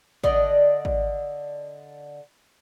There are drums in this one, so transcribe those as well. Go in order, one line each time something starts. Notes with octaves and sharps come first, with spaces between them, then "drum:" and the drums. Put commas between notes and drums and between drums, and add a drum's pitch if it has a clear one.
D3 D5 D#5, drum: kick
drum: kick